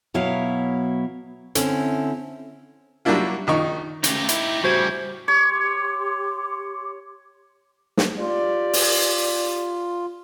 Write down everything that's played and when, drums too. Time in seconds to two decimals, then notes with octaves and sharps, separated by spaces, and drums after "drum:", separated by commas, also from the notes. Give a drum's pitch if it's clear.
0.14 B2 F#3 E4 C#5 F5 A#5
1.55 D3 C4 C#4 E4, drum: hi-hat
3.05 F#3 G3 A#3 D4 E4 F4
3.47 A#1 D#3 D#4 C#6
4.04 D2 C#3 D#4 G4, drum: hi-hat
4.29 E4, drum: hi-hat
4.64 A2 C#3 G3 F#4 C5 G#6
5.28 G4 C#5 C6 D6
7.97 drum: snare
8.19 F4 G4 D5
8.73 drum: open hi-hat